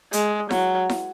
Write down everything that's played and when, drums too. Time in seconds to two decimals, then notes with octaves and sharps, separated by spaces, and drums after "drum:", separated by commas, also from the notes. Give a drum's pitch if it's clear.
0.13 G#3, drum: hi-hat
0.51 F#3, drum: snare E4
0.89 drum: snare E4